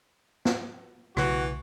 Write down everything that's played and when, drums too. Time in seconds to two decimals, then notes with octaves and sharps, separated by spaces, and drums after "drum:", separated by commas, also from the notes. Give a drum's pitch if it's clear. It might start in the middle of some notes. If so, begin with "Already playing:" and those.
0.45 drum: snare
1.17 B1 C#3 E3 A3 F#4, drum: rim click